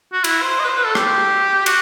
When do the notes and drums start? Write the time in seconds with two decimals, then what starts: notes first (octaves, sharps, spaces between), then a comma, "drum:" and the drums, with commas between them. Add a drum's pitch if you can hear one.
0.13 F#4
0.24 E4, drum: cymbal
0.42 C5
0.60 D#5
0.64 B4
0.68 C5
0.77 B4
0.86 A4
0.95 G4, drum: rim click
1.66 F#4, drum: cymbal